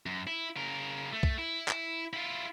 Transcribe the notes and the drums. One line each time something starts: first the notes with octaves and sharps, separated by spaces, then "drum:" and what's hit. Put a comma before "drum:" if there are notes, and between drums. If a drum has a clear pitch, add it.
F#2
E4
C#3 A#4
A3
drum: kick B1
E4
drum: clap
E4 F4